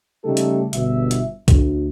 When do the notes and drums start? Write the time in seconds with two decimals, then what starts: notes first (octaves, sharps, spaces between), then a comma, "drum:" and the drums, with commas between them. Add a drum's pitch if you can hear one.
0.24 C#3 G3 A3 D#4 G4 A4
0.37 drum: hi-hat
0.73 G1 B2 E5, drum: hi-hat
1.11 drum: hi-hat
1.48 D2, drum: kick, hi-hat